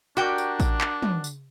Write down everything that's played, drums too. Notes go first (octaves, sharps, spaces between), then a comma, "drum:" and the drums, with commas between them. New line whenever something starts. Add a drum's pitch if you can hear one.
D4 F#4 G4 A#4 D5 G5
drum: tambourine
drum: kick A1, tambourine
drum: clap
drum: tom
drum: tambourine